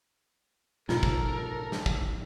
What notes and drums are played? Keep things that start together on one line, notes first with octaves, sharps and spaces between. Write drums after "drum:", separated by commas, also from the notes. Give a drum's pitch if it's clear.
G#2 B2 D#4 F4 A4 A#4, drum: snare
drum: kick
drum: snare
drum: kick